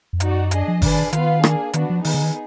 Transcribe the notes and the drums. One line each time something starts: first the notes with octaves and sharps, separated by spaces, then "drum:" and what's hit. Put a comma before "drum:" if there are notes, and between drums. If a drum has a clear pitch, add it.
F2
F#2 D#4 F#4 D5, drum: hi-hat
D4 G#4 D#5, drum: hi-hat
F3
D#3 D4 G#4 B4 D5, drum: kick G1, open hi-hat
D#3 B3 F4 B4 F5, drum: hi-hat
A#3 D4 G#4, drum: rim click
D#3 B3 D4 F#4, drum: hi-hat
F3
D#3 B3 D#4 G#4, drum: open hi-hat
D3
D#3